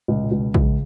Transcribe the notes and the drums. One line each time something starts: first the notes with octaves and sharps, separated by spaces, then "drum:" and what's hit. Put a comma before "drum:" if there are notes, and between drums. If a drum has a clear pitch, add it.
C#2 A#2
A#2
C#2
B2
C#2 C#3, drum: kick A#1